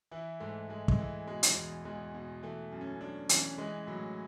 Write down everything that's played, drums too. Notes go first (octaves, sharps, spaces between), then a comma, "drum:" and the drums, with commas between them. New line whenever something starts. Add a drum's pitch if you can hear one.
E3 E4
G#2 A3
G#2 G#3
G#3, drum: kick
E3
B2 G#3
drum: hi-hat
E2
E2 G#3
B2
E3 A3
F#2
C#4
F#2 D4
E3 C#4, drum: hi-hat
E3 G#3
A2 F#3